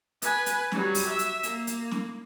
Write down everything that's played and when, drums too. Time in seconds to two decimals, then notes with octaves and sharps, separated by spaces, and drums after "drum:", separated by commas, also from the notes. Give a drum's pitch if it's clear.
0.22 B4 G#5, drum: hi-hat
0.46 drum: hi-hat
0.72 F#3 G3, drum: snare
0.95 drum: open hi-hat
1.07 E5
1.19 drum: hi-hat
1.43 A#3, drum: hi-hat
1.67 drum: hi-hat
1.91 drum: snare